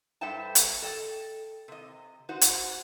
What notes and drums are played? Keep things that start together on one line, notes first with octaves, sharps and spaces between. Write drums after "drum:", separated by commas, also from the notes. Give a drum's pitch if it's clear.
G2 A4 C5 E5 G5 A5
drum: hi-hat
A4 D#5 G5
C3 D#5
D#4 F#4 C5
drum: hi-hat